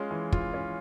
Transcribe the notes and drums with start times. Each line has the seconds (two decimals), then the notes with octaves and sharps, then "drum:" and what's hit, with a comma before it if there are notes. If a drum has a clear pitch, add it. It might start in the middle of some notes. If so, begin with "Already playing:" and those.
Already playing: G#3 C#4 F4
0.11 E3
0.32 F4, drum: kick
0.54 C#4